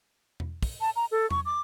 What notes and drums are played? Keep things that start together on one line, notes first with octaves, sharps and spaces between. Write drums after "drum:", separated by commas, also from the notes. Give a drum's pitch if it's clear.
drum: tom E2
drum: kick, open hi-hat
A5
A#5
A4
C#6, drum: tom E2
D6